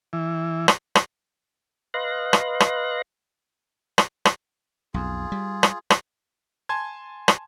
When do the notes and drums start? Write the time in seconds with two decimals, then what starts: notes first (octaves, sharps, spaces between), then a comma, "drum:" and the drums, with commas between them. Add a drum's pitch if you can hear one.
0.13 E3
0.68 drum: rim click
0.95 drum: rim click
1.94 B4 D#5 F5 C6 F#6 A#6
2.33 drum: rim click
2.60 drum: rim click
3.98 drum: rim click
4.25 drum: rim click
4.94 B1 F2 F4 G#4
5.32 G3
5.63 drum: rim click
5.90 drum: rim click
6.69 G#5 A5 C6 G#6
7.28 drum: rim click